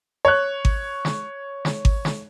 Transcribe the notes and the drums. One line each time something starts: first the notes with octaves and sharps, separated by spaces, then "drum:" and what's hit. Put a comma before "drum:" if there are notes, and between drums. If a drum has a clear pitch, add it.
C#5 F#6
drum: kick G#1
drum: snare
drum: snare
drum: kick G#1
drum: snare